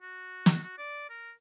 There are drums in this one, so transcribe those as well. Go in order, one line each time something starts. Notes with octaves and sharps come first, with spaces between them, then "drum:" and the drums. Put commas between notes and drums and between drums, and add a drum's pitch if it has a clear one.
F#4
drum: snare
F#4
D5
A#4